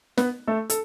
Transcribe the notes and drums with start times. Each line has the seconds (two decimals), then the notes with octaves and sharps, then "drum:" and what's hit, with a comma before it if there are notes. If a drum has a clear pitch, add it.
0.17 B3 B4, drum: snare
0.47 A3 A4
0.70 A4, drum: hi-hat